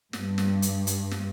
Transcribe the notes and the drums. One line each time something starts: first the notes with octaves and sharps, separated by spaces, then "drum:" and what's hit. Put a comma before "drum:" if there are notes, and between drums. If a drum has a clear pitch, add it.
G2, drum: snare
drum: snare
drum: hi-hat
drum: hi-hat
drum: snare